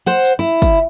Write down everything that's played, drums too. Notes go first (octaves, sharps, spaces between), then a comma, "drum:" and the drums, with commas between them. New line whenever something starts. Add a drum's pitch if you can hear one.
C5 F#5
drum: tambourine
E4
drum: kick, tambourine